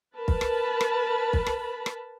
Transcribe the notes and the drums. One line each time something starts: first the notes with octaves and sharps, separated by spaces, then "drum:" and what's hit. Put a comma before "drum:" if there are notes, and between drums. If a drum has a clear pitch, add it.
A#4 B4 A5 B5
drum: kick
drum: rim click
drum: rim click
drum: kick
drum: rim click
drum: rim click